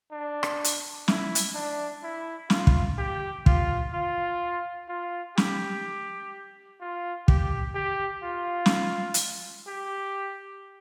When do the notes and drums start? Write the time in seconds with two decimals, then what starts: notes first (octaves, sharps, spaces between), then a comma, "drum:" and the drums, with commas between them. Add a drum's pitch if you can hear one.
0.12 D4
0.43 drum: rim click
0.64 drum: hi-hat
1.08 E4, drum: snare
1.35 drum: hi-hat
1.54 D4
2.03 E4
2.50 F4, drum: snare
2.67 drum: kick
2.98 G4
3.46 F4, drum: kick
3.93 F4
4.89 F4
5.37 G4, drum: snare
6.80 F4
7.28 G4, drum: kick
7.75 G4
8.24 F4
8.66 drum: snare
9.14 drum: hi-hat
9.67 G4